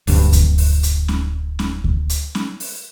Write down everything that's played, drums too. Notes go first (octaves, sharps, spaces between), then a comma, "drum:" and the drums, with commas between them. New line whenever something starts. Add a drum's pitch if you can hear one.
D1 D2 G2, drum: open hi-hat
drum: kick D2, hi-hat
drum: open hi-hat
drum: hi-hat
drum: snare C#4
drum: snare C#4
drum: kick D2
drum: hi-hat
drum: snare C#4
drum: open hi-hat